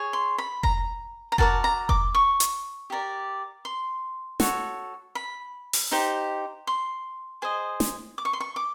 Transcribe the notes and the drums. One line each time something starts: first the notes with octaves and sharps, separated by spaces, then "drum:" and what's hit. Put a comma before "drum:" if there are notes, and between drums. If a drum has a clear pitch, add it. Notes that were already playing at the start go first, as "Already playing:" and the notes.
Already playing: G#4 C#5
C6
B5
A#5, drum: kick F1
A#5
F#4 A#4 D5 A5, drum: kick F1
A#5
D6, drum: kick F1
C#6
drum: hi-hat
G4 A#4 D5
C6
F#4 A4 C#5, drum: snare
B5
drum: open hi-hat
D#4 G4 C5
C6
G#4 C5 D#5
drum: snare
D6
C#6
C6
C#6
D6